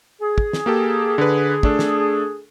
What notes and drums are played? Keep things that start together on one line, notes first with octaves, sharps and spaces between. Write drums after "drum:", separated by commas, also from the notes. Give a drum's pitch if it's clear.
G#4
drum: kick
drum: snare
A#3 G4 A4
D3 B4
A3 D4 A4, drum: kick
drum: snare